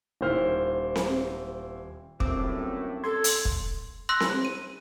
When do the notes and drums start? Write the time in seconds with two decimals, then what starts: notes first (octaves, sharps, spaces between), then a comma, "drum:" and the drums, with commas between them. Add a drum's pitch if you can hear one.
0.21 D#1 D#3 E4 C5 F6
0.96 drum: snare C4
2.20 G1 F#2 A2 C4 D6, drum: kick
3.04 A4 C6 G#6
3.24 drum: hi-hat
3.45 drum: kick
4.09 C6 E6 F#6 A#6
4.20 drum: snare C4
4.45 D#7